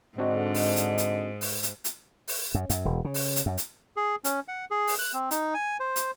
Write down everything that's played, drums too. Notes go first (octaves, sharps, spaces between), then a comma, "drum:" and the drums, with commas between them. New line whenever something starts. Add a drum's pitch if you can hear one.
G#2 D3 C4 D4 F#4 D#5
drum: open hi-hat
drum: hi-hat
drum: hi-hat
drum: open hi-hat
drum: hi-hat
drum: hi-hat
drum: open hi-hat
F#2
F#2, drum: hi-hat
E1
C#3
drum: open hi-hat
drum: hi-hat
F#2
drum: hi-hat
G#4
C#4, drum: hi-hat
F#5
G#4
drum: open hi-hat
F#6
C4
D#4, drum: hi-hat
G#5
C5
drum: hi-hat